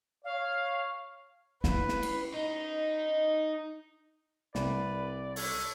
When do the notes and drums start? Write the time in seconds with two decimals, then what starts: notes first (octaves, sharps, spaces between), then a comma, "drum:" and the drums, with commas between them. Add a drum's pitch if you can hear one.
0.24 C#5 F5
1.64 E4 B4, drum: snare
1.89 drum: snare
2.03 drum: cymbal
2.34 D#4
4.55 C2 B4 D5, drum: snare
5.36 A4 C#5, drum: open hi-hat